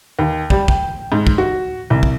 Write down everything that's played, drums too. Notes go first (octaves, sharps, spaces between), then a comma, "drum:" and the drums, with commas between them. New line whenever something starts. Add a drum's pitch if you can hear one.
D#2
G3, drum: kick
G5, drum: kick
G#2
drum: kick
F#4
C2
drum: kick